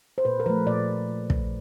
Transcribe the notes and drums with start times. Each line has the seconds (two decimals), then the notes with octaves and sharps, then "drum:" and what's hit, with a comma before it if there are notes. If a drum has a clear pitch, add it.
0.18 C5
0.25 A#2 B4
0.40 A#4
0.46 F3 A3 B4
0.67 A#2 D5
1.30 drum: kick